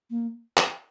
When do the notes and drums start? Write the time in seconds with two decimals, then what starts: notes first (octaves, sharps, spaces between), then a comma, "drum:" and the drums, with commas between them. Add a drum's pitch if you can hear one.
0.10 A#3
0.57 drum: clap